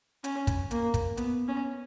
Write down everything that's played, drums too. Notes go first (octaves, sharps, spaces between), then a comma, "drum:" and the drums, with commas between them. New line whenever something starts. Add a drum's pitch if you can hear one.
C#4, drum: hi-hat
drum: kick, hi-hat
A#3, drum: hi-hat
drum: kick, hi-hat
B3, drum: hi-hat
C#4